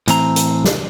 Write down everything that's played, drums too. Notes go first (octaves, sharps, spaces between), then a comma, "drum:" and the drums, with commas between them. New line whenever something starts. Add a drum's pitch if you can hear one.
A2 E3 C4 A#5, drum: hi-hat
drum: hi-hat
drum: snare